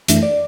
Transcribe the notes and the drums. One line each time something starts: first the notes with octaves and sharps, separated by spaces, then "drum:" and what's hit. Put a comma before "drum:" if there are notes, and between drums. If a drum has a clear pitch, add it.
F#2 E3 A3 D4 E5, drum: hi-hat
D5